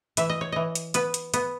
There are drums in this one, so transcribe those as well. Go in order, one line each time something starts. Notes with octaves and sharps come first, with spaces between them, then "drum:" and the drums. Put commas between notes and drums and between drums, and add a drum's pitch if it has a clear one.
E3 E5, drum: hi-hat
D#5
C#5
E3 D#5
drum: hi-hat
B3 B4, drum: hi-hat
drum: hi-hat
B3, drum: hi-hat